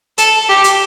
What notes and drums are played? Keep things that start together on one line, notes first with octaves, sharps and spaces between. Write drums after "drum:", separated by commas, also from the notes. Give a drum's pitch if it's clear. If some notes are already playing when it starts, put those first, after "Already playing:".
A4, drum: hi-hat
G4
drum: hi-hat